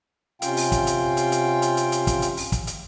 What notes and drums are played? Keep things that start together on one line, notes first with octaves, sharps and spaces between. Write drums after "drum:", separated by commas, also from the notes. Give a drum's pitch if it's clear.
C3 C#4 F4 F5 G5, drum: hi-hat
drum: open hi-hat
drum: kick, hi-hat
drum: hi-hat
drum: hi-hat
drum: hi-hat
drum: hi-hat
drum: hi-hat
drum: hi-hat
drum: kick, hi-hat
drum: hi-hat
drum: open hi-hat
drum: kick, hi-hat
drum: hi-hat